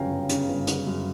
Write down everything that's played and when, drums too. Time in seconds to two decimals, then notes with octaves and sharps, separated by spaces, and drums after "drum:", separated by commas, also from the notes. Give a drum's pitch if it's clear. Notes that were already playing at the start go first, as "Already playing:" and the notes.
Already playing: G1 F#2 C#3 C#5 F5 G5 G#5 A#5
0.10 G1
0.29 C#3, drum: hi-hat
0.49 G1
0.67 G1, drum: hi-hat
0.87 F#2